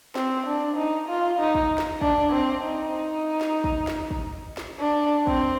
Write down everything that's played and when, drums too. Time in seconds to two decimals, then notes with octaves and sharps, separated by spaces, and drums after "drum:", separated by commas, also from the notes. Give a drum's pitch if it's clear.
0.15 C4, drum: snare
0.47 D4
0.77 D#4
1.09 F4
1.39 D#4
1.55 drum: kick
1.78 drum: snare
2.01 D4, drum: kick
2.32 C4
2.64 D#4
3.41 drum: snare
3.64 drum: kick
3.87 drum: snare
4.11 drum: kick
4.57 drum: snare
4.80 D4
5.27 C4, drum: kick